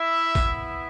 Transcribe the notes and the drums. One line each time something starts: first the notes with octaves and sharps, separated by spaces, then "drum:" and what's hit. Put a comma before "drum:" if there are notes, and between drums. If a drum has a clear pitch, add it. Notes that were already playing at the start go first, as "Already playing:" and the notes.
Already playing: E4 E5
B3 E4, drum: kick A#1, tambourine